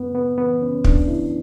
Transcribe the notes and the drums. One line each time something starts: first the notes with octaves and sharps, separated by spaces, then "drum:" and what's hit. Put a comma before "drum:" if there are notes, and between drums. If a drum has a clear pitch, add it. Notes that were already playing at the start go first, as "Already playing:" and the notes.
Already playing: F#2 B3
B3
E3 B3
C#4
F#2 D4, drum: kick
E4